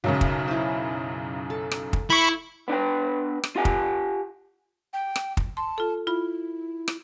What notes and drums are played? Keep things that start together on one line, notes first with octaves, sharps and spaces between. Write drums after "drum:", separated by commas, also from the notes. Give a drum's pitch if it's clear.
B1 F#2 C#3 F#3 E5
drum: kick
E4 C5
A4
drum: rim click
drum: kick
E4 B5 C#6
B3 D4 B4 G5
drum: rim click
F4 G4 F#5 G#5
drum: kick
G5
drum: rim click
drum: kick
A5 C6
F4 A4
E4 F4 B5
drum: rim click